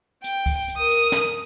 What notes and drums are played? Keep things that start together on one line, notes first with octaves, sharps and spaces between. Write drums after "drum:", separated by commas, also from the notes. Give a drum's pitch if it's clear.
G5, drum: hi-hat
drum: kick C#2, open hi-hat
drum: hi-hat
A#4 D#6
drum: hi-hat
drum: snare